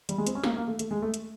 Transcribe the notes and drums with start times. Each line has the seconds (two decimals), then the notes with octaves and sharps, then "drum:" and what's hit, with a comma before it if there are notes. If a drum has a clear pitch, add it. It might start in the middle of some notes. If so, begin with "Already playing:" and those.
0.09 G3, drum: hi-hat
0.18 G#3
0.27 C4, drum: hi-hat
0.35 C#4
0.44 A#3, drum: snare
0.56 A#3
0.68 A3
0.79 A3, drum: hi-hat
0.91 G#3
1.02 A3
1.14 drum: hi-hat